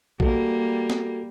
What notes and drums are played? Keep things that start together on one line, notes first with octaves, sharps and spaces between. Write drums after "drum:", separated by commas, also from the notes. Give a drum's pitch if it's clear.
G3 A#3 F#4 A4, drum: kick A#1
drum: snare B3